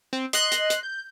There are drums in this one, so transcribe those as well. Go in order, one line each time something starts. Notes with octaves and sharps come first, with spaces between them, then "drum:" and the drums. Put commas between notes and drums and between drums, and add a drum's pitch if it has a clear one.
C4
D#5 C6 F#6, drum: hi-hat
drum: hi-hat
drum: hi-hat
G6